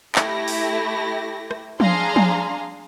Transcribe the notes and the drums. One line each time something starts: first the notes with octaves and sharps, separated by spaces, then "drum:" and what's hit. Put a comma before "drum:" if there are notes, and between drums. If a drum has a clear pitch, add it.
A3 E4 G4 A#6, drum: clap
drum: open hi-hat
drum: rim click
D4 G#4 F5 A#5 C6, drum: tom F3
drum: tom F3